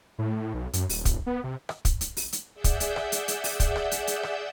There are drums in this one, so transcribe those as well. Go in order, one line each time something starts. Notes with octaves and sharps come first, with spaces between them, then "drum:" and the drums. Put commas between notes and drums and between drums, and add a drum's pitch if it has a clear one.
A2
A2
B1
F#2, drum: hi-hat
D#1, drum: open hi-hat
drum: kick, hi-hat
B3
C3
drum: rim click
drum: kick, hi-hat
drum: hi-hat
drum: open hi-hat
drum: hi-hat
G#4 D5 E5 F#5 E6 G6
drum: kick, hi-hat
drum: hi-hat
drum: rim click
drum: hi-hat
drum: hi-hat
drum: open hi-hat
drum: kick, hi-hat
drum: rim click
drum: hi-hat
drum: hi-hat
drum: rim click